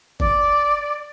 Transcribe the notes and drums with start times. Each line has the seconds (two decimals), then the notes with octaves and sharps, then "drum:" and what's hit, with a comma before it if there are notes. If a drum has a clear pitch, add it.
0.20 D5, drum: kick